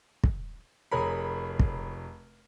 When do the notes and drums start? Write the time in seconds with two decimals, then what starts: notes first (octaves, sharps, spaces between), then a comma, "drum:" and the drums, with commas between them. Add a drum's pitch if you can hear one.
0.24 drum: kick
0.92 F1 G#4 A#4 C#5 B5
1.59 drum: kick